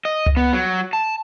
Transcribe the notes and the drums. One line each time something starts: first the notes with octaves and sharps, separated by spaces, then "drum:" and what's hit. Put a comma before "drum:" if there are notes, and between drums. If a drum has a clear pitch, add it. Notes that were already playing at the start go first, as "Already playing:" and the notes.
D#5
drum: tom C#2
B3
F#3
A5